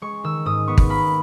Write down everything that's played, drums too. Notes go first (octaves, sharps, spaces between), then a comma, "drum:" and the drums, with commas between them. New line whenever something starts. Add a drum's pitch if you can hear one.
G#3 C#6
D#3 E6
G#2 D#6
B3 C#6
drum: kick
A#3 B5